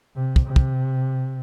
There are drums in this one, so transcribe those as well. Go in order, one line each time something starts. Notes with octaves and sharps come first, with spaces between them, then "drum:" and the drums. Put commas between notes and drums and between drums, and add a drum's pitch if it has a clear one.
C3
drum: kick
C3
drum: kick